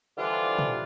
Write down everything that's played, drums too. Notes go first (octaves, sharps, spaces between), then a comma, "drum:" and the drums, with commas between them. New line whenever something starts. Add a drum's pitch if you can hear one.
D3 E3 F3 G3 D4 F4
drum: tom A#2